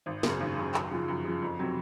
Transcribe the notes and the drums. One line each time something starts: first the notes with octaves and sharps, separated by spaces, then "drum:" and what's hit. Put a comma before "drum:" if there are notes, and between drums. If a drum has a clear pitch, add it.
G#1
F#2 C#3, drum: snare
G#1
F#2 C#3
F#2, drum: clap
C#3 F3
F#2
C#3 F3
F2
C3 F#3 C4